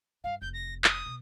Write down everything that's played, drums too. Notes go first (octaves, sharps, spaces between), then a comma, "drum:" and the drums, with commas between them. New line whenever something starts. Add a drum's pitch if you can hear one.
G2 G3 F5
F1 G6
A#6
D#6, drum: clap
B2